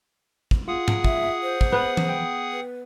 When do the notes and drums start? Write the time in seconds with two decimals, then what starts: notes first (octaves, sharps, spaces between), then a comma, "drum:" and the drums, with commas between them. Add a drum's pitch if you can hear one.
0.51 drum: kick
0.68 F4 G#4 F#5 D#6
0.88 drum: tom G#2
1.04 E5, drum: kick
1.43 C5
1.61 drum: kick
1.72 B3 B4
1.97 drum: tom E3
2.09 G5
2.52 B4